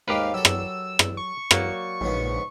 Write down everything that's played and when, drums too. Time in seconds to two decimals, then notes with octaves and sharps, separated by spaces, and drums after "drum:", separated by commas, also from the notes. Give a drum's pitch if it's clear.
0.08 D#2 G#2 G#3 G4 A#4 B4 F5
0.34 F#3 A4 E6
0.45 drum: rim click
0.99 drum: rim click
1.17 C#6
1.51 F#3 A#3 D5, drum: rim click
2.01 A#1 G#2 C#3 B3